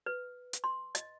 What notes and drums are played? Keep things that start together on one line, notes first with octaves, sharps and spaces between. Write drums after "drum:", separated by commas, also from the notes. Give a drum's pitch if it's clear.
B4
drum: hi-hat
C6
D#5, drum: hi-hat